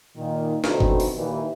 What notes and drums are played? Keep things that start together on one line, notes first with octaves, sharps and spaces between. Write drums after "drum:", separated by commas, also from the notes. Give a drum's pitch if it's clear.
A#2 D#3
B2 D3 A3 C4 D#4 F#4, drum: snare
drum: kick G1
drum: open hi-hat
D#2 A#2 E3